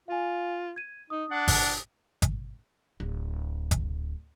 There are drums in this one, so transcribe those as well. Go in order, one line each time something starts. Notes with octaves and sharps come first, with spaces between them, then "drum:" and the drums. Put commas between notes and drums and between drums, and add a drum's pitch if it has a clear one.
F4 F5 G#5
G#6 D#7
D#4 D#6
D4 F#5
drum: kick G#1, open hi-hat
drum: kick G#1, hi-hat
D1
drum: kick G#1, hi-hat